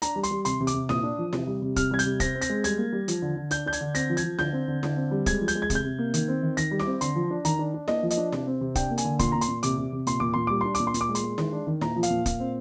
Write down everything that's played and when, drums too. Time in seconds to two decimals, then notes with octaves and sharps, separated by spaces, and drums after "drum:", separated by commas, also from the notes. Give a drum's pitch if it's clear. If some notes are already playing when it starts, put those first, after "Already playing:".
0.02 D4 A#5, drum: hi-hat
0.16 G3
0.23 C6, drum: hi-hat
0.31 G3
0.45 C3 C6, drum: hi-hat
0.60 C3
0.67 D6, drum: hi-hat
0.74 C3
0.89 A#2 D#6, drum: snare E4
1.03 D4
1.18 F3
1.33 C3, drum: snare E4
1.47 G3
1.62 C3
1.76 C3 F6, drum: kick, hi-hat
1.91 G3 G#6
1.99 G6, drum: hi-hat
2.05 C3
2.20 C4 A#6, drum: kick, hi-hat
2.34 C4
2.41 A#6, drum: hi-hat
2.50 G#3
2.64 G3 G#6, drum: hi-hat
2.78 A#3
2.93 G3
3.08 F3, drum: hi-hat
3.22 D3
3.36 D3
3.51 D4 G6, drum: hi-hat
3.66 D4 G6
3.73 G#6, drum: hi-hat
3.81 D3
3.95 C4 A#6, drum: hi-hat
4.10 F3
4.17 G#6, drum: hi-hat
4.24 F3
4.39 D3 G6, drum: snare E4
4.53 C4
4.68 D3
4.83 D3, drum: snare E4
4.96 C4
5.11 G3
5.26 G#3 G#6, drum: kick, hi-hat
5.41 F3
5.48 G6, drum: hi-hat
5.55 G#3
5.62 G#6
5.70 C3, drum: kick, hi-hat
5.75 G6
5.84 C3
5.98 A#3
6.14 D#3, drum: hi-hat
6.28 C4
6.43 D#3
6.57 D#3 A#6, drum: hi-hat
6.71 G3
6.80 D6, drum: snare E4
6.87 C4
7.01 D3 C6, drum: hi-hat
7.16 F3
7.31 D4
7.45 D#3 A#5, drum: hi-hat
7.59 D4
7.74 D4
7.88 A#3 D#5, drum: snare E4
8.03 F3
8.10 D#5, drum: hi-hat
8.17 D4
8.32 C3, drum: snare E4
8.47 C4
8.61 C3
8.75 D4 G5, drum: kick, hi-hat
8.90 A#3
8.98 G#5, drum: hi-hat
9.05 D3
9.19 A#2 C6, drum: kick, hi-hat
9.32 A#2 A#5
9.41 C6, drum: hi-hat
9.48 A#2
9.63 C3 D6, drum: hi-hat
9.78 C3
9.92 C3
10.07 A#2 C6, drum: hi-hat
10.20 A#2 D6
10.34 A#2 C6
10.47 G3 D6
10.61 D4 C6
10.75 D6, drum: hi-hat
10.80 A#2
10.87 C6
10.94 A#2, drum: hi-hat
11.01 D6
11.09 G#3
11.15 C6, drum: hi-hat
11.24 G#3
11.38 D#3, drum: snare E4
11.53 D4
11.67 D#3
11.81 A#2 A#5, drum: snare E4
11.96 F3
12.03 F5, drum: hi-hat
12.10 A#2
12.26 A#2, drum: kick, hi-hat
12.40 C4